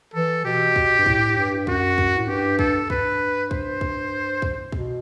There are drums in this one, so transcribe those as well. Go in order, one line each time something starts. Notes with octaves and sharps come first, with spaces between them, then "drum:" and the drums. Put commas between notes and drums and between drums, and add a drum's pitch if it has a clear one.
E3 A4
B2 G4
drum: kick
G2
A2, drum: kick
G2
F#2 F#4, drum: kick
drum: kick
A2
G2 G4
A4, drum: kick
G2 B4, drum: kick
C5, drum: kick
drum: kick
drum: kick
B2, drum: kick